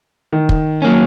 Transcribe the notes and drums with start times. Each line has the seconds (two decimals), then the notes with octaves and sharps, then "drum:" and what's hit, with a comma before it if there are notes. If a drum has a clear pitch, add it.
0.32 D#3
0.49 drum: kick
0.82 F#3 A#3 C#4